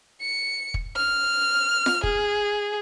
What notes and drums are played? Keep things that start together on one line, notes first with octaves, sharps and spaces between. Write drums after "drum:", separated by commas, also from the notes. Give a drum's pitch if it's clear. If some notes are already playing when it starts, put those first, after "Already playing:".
C#7
drum: kick
F6
drum: snare F4
G#4, drum: kick